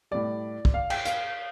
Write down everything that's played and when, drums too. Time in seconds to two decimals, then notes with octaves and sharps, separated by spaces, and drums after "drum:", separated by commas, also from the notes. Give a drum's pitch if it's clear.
0.11 A2 G3 D5
0.65 drum: kick
0.74 F5
0.90 G5, drum: cymbal
1.05 F5, drum: hi-hat